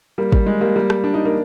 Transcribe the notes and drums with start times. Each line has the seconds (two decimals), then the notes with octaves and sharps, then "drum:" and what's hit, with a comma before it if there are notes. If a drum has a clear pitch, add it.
0.18 G3 A#3
0.32 G3, drum: kick
0.46 G#3
0.61 G3 A#3
0.76 G3 A#3
0.90 drum: rim click
1.04 D4
1.14 D#4
1.25 A#3 D4